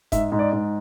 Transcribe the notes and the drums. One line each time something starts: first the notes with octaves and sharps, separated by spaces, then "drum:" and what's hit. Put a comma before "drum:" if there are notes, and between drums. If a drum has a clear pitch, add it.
G#2 E5, drum: kick F1, hi-hat
G#2
D5
G#2